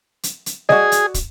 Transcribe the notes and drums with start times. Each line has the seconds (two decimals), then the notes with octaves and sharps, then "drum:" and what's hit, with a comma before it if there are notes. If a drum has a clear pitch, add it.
0.23 drum: hi-hat
0.46 drum: hi-hat
0.69 F#4 G#4 D5 D#5, drum: snare G3
0.92 drum: hi-hat
1.14 drum: kick, hi-hat